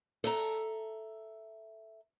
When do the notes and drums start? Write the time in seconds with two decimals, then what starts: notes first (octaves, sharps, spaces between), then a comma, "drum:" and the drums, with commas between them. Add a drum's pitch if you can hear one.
0.24 A4 E5 A#5, drum: open hi-hat